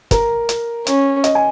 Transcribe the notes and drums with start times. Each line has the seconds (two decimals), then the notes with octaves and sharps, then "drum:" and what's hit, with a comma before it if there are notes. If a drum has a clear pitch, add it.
0.11 A#4, drum: kick, hi-hat
0.49 drum: hi-hat
0.87 C#4, drum: hi-hat
1.24 D#5, drum: hi-hat
1.35 G#5